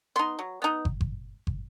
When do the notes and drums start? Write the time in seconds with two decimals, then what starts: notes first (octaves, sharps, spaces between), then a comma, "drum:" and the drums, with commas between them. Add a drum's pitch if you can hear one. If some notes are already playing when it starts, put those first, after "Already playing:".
0.16 B3 D#4 C6
0.39 F#3
0.62 B3 D#4
0.85 drum: kick
1.01 drum: kick
1.47 drum: kick